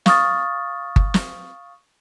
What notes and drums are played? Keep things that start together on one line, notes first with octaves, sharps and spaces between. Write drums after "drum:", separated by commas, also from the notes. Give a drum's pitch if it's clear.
F5 C#6 D#6 F6 A6, drum: snare
drum: kick G1
drum: snare